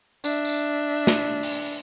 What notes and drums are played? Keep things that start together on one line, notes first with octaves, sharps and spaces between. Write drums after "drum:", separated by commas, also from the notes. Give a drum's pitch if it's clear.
D4 E5, drum: tambourine
drum: tambourine
drum: snare
drum: open hi-hat